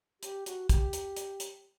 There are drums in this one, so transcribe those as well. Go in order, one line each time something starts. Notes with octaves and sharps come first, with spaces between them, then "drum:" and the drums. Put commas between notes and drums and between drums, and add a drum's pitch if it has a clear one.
G4, drum: hi-hat
F#4, drum: hi-hat
G4, drum: kick, hi-hat
drum: hi-hat
drum: hi-hat
drum: hi-hat